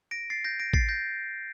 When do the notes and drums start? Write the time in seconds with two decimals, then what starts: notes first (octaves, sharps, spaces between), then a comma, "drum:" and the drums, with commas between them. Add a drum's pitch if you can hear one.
0.11 A#6 D7
0.30 A6 C7
0.44 G6 A#6
0.59 A#6 D7
0.73 A6 C7, drum: kick A1
0.89 G6 A#6